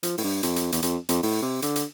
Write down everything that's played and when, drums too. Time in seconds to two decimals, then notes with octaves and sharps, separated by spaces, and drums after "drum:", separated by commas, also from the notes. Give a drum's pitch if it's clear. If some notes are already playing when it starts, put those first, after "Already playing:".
0.03 F3, drum: hi-hat
0.18 A2, drum: open hi-hat
0.24 G2
0.43 F2, drum: hi-hat
0.56 drum: hi-hat
0.72 E2, drum: hi-hat
0.82 F2, drum: hi-hat
1.09 F2, drum: hi-hat
1.23 A2, drum: open hi-hat
1.42 C3
1.62 D3, drum: hi-hat
1.76 drum: hi-hat